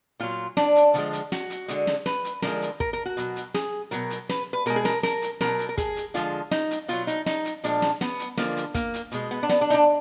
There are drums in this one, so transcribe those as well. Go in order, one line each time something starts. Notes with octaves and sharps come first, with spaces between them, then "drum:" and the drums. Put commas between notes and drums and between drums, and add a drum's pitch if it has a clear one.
A#2 F#3 F4
D4, drum: snare
drum: hi-hat
D3 F3 G#3, drum: hi-hat
drum: hi-hat
F#4, drum: snare
drum: hi-hat
D3 G#3, drum: hi-hat
drum: snare
B4, drum: snare
drum: hi-hat
D3 F3 G#3 A#4, drum: snare
drum: hi-hat
A#4, drum: kick
A#4
F#4
B2 F#3, drum: hi-hat
drum: hi-hat
G#4, drum: snare
B2 F#3 A#4, drum: hi-hat
drum: hi-hat
B4, drum: snare
B4
B2 G#3 A#4, drum: hi-hat
G#4
A#4, drum: snare
A#4, drum: snare
drum: hi-hat
B2 F#3 A#4, drum: snare
drum: hi-hat
A#4
G#4, drum: kick, hi-hat
drum: hi-hat
D3 F3 G#3 F4, drum: hi-hat
D#4, drum: snare
drum: hi-hat
B2 F#3 F4, drum: hi-hat
D#4, drum: hi-hat
D#4, drum: snare
drum: hi-hat
A#2 F3 G#3 D4, drum: hi-hat
drum: snare
B3, drum: snare
drum: hi-hat
D3 F3 G#3 A#3, drum: snare
drum: hi-hat
A#3, drum: kick, hi-hat
drum: hi-hat
B2 G#3, drum: hi-hat
B3
D4
B3, drum: snare
D4
D#4, drum: hi-hat
D4